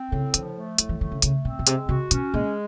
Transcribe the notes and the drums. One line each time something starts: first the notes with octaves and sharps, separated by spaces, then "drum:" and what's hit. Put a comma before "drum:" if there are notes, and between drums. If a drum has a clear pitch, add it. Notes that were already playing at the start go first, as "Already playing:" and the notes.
Already playing: C4
A2 C#3
D3 F3, drum: hi-hat
A3
A2 E3, drum: hi-hat
E3
D#3 A3
C#3
C#3 A3, drum: hi-hat
B2 C4
B2
C3 G#3, drum: hi-hat
C3 F#4
B2 C#4, drum: hi-hat
A#2 G#3